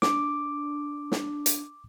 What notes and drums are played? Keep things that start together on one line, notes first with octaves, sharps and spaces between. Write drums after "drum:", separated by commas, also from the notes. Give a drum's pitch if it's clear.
D4 D6, drum: snare
drum: snare
drum: hi-hat